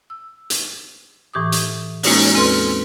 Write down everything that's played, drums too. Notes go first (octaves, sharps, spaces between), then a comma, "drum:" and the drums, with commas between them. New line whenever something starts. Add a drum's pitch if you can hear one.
E6
drum: hi-hat
A2 E3 G4 D6 D#6
drum: hi-hat
G#3 A#3 C#4 D#4 E4 F#4, drum: open hi-hat
E2 C4 A4 B4 C6 F6